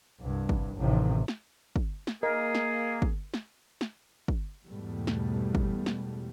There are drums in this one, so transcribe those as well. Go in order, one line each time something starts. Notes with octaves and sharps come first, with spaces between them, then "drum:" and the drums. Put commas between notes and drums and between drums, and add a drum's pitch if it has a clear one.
C2 G2
drum: kick
A1 A2 C3 D#3
drum: snare
drum: kick
drum: snare
A#3 G#4 A#4 D#5
drum: snare
drum: kick
drum: snare
drum: snare
drum: kick
E2 G#2 B2 G3 A3
drum: snare
drum: kick
drum: snare